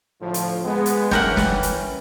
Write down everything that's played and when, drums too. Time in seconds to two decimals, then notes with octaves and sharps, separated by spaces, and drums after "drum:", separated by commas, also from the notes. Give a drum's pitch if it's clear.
0.20 D2 A2 F3
0.34 drum: hi-hat
0.65 G#3 B3
0.86 drum: hi-hat
1.11 E3 C#4 G4 A#4 F#5, drum: snare
1.37 drum: snare
1.63 drum: hi-hat